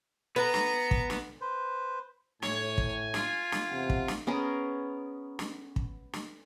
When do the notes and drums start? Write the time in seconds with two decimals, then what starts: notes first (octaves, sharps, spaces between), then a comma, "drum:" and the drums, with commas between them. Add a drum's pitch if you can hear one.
0.36 B3 B4 A#5
0.54 drum: snare
0.91 drum: kick
1.10 drum: snare
1.41 B4 C5
2.42 A2 C#5 G#5, drum: snare
2.78 drum: kick
3.14 F4, drum: snare
3.52 drum: snare
3.71 E2 C3 F#5
3.90 drum: kick
4.08 drum: snare
4.27 B3 C#4 G#4 A#4
5.39 drum: snare
5.76 drum: kick
6.13 drum: snare